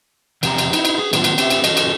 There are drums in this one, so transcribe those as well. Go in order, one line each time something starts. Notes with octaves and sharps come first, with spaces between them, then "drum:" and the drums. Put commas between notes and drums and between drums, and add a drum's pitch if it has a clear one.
E2 C3 F3 G4 A5 A#5, drum: cymbal
drum: cymbal
D#4 E4, drum: cymbal
drum: cymbal
G#4
A2 D#3 F#3 B3 D4 F4, drum: cymbal
drum: cymbal
C4 F4 G4 E5, drum: cymbal
drum: cymbal
F4 F#4 G#4 A4 D#5, drum: cymbal
drum: cymbal